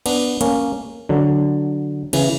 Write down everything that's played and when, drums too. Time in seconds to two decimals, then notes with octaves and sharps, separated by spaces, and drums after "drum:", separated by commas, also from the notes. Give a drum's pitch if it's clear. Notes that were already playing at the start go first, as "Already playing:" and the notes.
0.06 B3 D4, drum: cymbal
0.41 A#3 C#4, drum: hi-hat
1.09 D3 F#3
2.13 C#3 E3, drum: cymbal